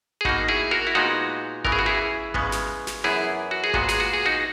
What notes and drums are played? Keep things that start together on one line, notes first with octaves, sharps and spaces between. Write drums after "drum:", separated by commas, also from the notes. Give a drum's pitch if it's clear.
G#4
B2 A#3 D#4 F#4, drum: kick G#1
E4 G#4
F#4 A#4
E4
A#2 G#3 B3 D#4 F#4
C#3 E3 B3 A#4, drum: kick G#1
G#4
F#4
E4 G#4
C#3 G#3 B3, drum: kick G#1
drum: snare
drum: snare
F#2 E3 B3 E4 G#4
F#4
G#4
A#2 G#3 B3 F#4, drum: kick G#1
G#4, drum: snare
F#4
G#4
D#4 F#4